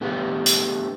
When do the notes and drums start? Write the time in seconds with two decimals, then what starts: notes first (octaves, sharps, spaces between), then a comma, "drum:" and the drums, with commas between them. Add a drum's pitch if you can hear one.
0.01 A3 B3 D4 G4 B4 F5
0.46 drum: hi-hat